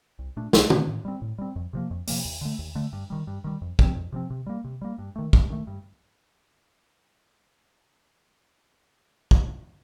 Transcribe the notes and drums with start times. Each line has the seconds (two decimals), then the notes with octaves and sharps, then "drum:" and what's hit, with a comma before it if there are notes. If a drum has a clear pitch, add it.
0.19 C2
0.37 A#2 A3 D4
0.53 C2, drum: snare
0.70 A#2 A3 D4, drum: tom
0.88 A2
1.05 G3 C4
1.22 A2
1.38 G3 C4
1.56 F2
1.73 C3 F3 A#3
1.91 F2
2.07 C3 F3 A#3, drum: open hi-hat
2.25 D#2
2.41 D3 A3
2.59 D#2
2.75 D3 A3
2.93 G2
3.10 D#3 G3
3.27 G2
3.44 D#3 G3
3.62 F2
3.79 C3 F3 C4, drum: kick
3.96 F2
4.12 C3 F3 C4
4.30 C3
4.46 G3 A#3
4.64 C3
4.82 G3 A#3
4.98 G2
5.16 D#3 A3
5.33 G2, drum: kick
5.50 D#3 A3
5.67 G2
9.31 drum: kick